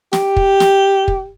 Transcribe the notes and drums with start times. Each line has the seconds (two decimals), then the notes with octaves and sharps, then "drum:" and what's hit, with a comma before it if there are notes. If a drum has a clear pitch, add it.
0.13 G4, drum: snare
0.36 drum: kick
0.60 drum: snare
1.08 drum: kick